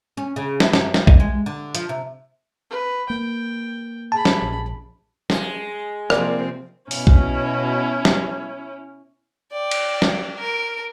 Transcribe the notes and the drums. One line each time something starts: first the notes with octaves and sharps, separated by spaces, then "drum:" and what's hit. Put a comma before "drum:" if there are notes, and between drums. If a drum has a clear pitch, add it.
C#4
C#3
E4, drum: snare
F#2, drum: snare
G3, drum: snare
D#5, drum: kick B1
G#3
D3
F3, drum: hi-hat
C3
B4
A#3 G5
G#4 A5 B5
drum: snare
A#1
G#3, drum: snare
C3 F3 A#3 C4 D5, drum: rim click
B2 C#4 E4, drum: open hi-hat
drum: kick B1
drum: snare
D5 G5
drum: cymbal
drum: snare
A#4 D7